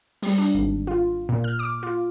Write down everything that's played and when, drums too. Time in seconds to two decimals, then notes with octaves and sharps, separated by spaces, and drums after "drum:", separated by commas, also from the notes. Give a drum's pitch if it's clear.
0.22 G3, drum: open hi-hat
0.38 D4
0.55 G#1
0.87 F4
1.29 A#2
1.44 F6
1.59 D6
1.83 F4